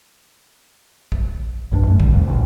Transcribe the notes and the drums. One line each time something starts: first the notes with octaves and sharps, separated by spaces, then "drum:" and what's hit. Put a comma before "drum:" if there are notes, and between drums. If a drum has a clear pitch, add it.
drum: kick
A#1 G2 F#3 D4
F#2 A3
B1 G#2 D3 G3, drum: kick
D#1 F2 A#2
A1 D2 A#2